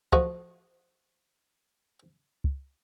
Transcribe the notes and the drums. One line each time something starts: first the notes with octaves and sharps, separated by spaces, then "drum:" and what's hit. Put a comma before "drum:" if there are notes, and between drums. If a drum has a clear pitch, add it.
F3 A3 F#4 D#5, drum: kick
drum: kick